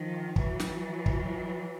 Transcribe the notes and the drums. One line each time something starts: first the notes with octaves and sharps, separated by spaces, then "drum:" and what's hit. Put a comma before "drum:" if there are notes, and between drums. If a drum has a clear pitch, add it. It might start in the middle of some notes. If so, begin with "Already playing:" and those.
Already playing: D#3 F3
E3 F#3, drum: kick
drum: snare
drum: kick